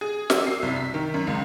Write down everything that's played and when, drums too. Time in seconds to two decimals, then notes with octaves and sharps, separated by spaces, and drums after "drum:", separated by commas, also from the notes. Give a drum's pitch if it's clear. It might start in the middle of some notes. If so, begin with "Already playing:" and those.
0.01 G#4
0.30 E6, drum: snare
0.47 C7
0.62 C2
0.76 B6
0.94 D#3
1.14 F#2
1.27 C#2